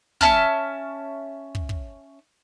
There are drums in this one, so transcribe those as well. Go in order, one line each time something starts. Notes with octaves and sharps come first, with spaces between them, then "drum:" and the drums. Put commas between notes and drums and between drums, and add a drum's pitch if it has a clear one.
C#4 E5 A5 F6, drum: snare
drum: kick
drum: kick